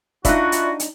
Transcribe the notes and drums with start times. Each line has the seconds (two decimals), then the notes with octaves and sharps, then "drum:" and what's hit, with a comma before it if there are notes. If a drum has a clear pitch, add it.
0.25 D4 D#4 F4 F#4 D5 E5 B5, drum: kick F1, hi-hat
0.52 drum: hi-hat
0.80 drum: hi-hat